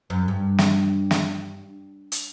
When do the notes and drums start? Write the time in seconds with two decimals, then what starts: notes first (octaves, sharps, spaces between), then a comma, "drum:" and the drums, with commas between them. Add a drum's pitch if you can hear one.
0.10 F#2
0.28 G2
0.58 drum: snare
1.11 drum: snare
2.12 drum: hi-hat